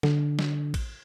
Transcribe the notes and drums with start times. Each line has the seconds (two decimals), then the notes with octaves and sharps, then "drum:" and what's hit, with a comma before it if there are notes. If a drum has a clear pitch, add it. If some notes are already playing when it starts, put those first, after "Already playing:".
0.03 D3, drum: snare
0.39 drum: snare
0.74 drum: kick, cymbal